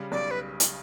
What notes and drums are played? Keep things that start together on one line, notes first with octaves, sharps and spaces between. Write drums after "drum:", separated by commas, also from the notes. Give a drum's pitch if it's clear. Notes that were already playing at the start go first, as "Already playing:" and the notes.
Already playing: C#3 G3
B1 D5
B4
drum: hi-hat